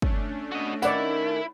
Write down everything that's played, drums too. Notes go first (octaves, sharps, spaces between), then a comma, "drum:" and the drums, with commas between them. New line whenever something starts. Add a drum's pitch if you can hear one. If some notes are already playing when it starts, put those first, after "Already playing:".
A3 C#4 D4, drum: kick
F#4 D#5
D#3 D#4 E4 A#4 D5 F#5, drum: tambourine